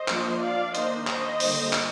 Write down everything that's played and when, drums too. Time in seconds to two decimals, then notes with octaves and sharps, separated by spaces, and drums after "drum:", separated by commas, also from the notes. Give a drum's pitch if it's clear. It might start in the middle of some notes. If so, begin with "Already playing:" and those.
Already playing: C5 D#5
0.08 F3 A#3 D4, drum: clap
0.41 D5 F5
0.75 D#3 A#3 D4 C5 D#5, drum: hi-hat
1.07 C5 D#5, drum: clap
1.40 D3 G3 A#3 D4, drum: open hi-hat
1.73 drum: clap